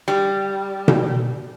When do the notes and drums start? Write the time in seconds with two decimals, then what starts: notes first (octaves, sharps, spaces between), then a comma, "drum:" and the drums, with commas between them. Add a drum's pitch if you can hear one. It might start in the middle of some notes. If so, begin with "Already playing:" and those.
0.08 G3
0.88 drum: tom B2